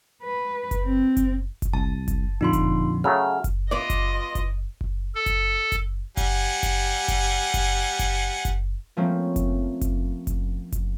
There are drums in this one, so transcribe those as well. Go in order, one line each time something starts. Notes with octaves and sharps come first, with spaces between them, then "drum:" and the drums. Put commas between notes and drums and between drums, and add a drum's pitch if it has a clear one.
B4
drum: kick F#1, hi-hat
C4
drum: kick F#1, hi-hat
drum: kick F#1, hi-hat
C2 A5
drum: kick F#1, hi-hat
A#1 F2 D3 D#4 F4 C6
drum: kick F#1, hi-hat
C#3 F#3 A3 F6
drum: kick F#1, hi-hat
B3 F4 D5 D#5 C6
drum: kick F#1, hi-hat
drum: kick F#1, hi-hat
drum: kick F#1
A4
drum: kick F#1, hi-hat
drum: kick F#1, hi-hat
G3 F#5 G#5, drum: kick F#1, hi-hat
drum: kick F#1, hi-hat
drum: kick F#1, hi-hat
drum: kick F#1, hi-hat
drum: kick F#1, hi-hat
drum: kick F#1, hi-hat
F3 A3 A#3 C4 C#4
drum: kick F#1, hi-hat
drum: kick F#1, hi-hat
drum: kick F#1, hi-hat
drum: kick F#1, hi-hat